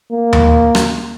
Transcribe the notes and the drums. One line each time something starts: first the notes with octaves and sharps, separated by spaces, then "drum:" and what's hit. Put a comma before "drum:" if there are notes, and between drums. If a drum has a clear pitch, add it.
A#3
drum: tom D#2
drum: rim click